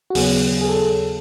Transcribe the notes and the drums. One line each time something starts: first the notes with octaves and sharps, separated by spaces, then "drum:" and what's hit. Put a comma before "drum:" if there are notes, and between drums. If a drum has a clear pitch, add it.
F#4
D#2 C#3 F#3 B3 G#4, drum: open hi-hat
G#4
A4
G#4